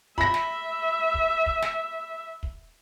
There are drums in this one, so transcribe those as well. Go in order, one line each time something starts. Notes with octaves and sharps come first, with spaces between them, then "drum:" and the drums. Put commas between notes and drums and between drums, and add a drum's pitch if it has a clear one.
E5 B5 A#6, drum: kick
drum: snare
drum: kick
drum: kick
drum: snare
drum: kick